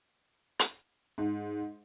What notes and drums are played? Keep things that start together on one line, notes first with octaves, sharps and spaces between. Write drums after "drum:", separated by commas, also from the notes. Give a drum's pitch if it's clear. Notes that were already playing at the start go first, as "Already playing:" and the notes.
drum: hi-hat
G#2